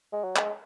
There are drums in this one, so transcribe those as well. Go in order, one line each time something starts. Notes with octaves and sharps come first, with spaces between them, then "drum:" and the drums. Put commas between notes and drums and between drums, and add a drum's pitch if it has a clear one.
G#3
F#3
G#3, drum: clap